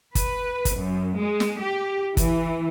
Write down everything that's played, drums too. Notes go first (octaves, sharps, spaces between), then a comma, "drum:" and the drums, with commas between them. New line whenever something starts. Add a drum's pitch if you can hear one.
B4, drum: kick, hi-hat
drum: kick, hi-hat
F#2
G#3
drum: snare
G4
E3, drum: kick, hi-hat